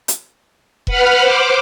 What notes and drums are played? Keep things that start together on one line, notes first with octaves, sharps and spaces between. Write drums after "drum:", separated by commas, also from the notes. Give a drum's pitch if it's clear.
drum: hi-hat
B4 F#5 B5 F6, drum: kick E1
C5 D6